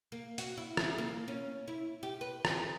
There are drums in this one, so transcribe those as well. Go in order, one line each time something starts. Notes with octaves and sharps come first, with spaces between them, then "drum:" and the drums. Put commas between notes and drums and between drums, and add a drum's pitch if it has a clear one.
A#3
F#4, drum: hi-hat
E4
drum: rim click
A#3
C#4
E4
G4
B4
drum: rim click